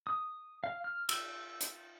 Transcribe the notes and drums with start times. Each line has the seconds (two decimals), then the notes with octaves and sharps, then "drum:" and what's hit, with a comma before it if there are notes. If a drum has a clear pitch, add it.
0.07 D#6
0.64 F5
0.84 F6
1.09 E6, drum: cymbal
1.61 drum: hi-hat